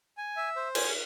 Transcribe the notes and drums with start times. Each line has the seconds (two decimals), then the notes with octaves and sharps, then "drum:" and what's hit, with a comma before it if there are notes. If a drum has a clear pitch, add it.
0.17 G#5
0.37 E5
0.56 C5
0.75 G#5, drum: cymbal